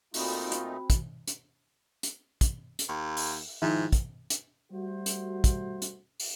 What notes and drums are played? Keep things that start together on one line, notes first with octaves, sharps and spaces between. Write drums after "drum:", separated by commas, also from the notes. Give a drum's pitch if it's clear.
A#2 A3 C4 D#4 F4 F#4 B5, drum: open hi-hat
drum: hi-hat
drum: kick, hi-hat
drum: hi-hat
drum: hi-hat
drum: kick, hi-hat
drum: hi-hat
D#2
drum: open hi-hat
G#2 D#3 F3 E4
drum: kick, hi-hat
drum: hi-hat
G3 A3 F#4 C5
drum: hi-hat
drum: kick, hi-hat
drum: hi-hat
drum: open hi-hat